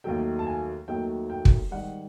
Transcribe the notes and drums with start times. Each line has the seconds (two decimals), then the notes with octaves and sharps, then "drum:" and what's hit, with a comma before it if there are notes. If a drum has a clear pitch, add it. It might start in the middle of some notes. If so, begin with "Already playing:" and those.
0.04 D#2 D#3 F#3 A3 G5
0.39 A5
0.47 G#5
0.88 D#2 D#3 F#3 A3 G5
1.30 G5
1.45 drum: kick
1.71 G#2 D#3 G3 F#5